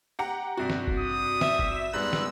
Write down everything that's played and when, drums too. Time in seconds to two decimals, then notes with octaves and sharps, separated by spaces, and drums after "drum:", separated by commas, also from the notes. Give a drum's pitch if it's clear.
0.19 G4 F#5 A#5
0.57 G2 C3 F#4
0.70 drum: snare
0.88 drum: kick G1
0.99 D#6
1.41 E5, drum: snare
1.59 drum: kick G1
1.93 G#2 G3 B3 E6 F#6
2.13 drum: snare